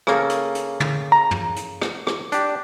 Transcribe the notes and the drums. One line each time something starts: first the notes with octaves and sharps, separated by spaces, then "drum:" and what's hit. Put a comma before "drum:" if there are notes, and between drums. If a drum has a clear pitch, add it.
C#3 A#3 A4, drum: rim click
drum: hi-hat
drum: hi-hat
drum: tom
A#5
drum: tom
drum: hi-hat
drum: rim click
drum: rim click
D4 G4, drum: hi-hat